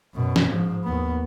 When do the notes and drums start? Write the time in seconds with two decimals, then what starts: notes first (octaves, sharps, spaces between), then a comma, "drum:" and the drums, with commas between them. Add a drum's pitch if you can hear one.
0.14 F#2 B2
0.36 drum: snare
0.50 G#2 F3
0.84 D#2 B3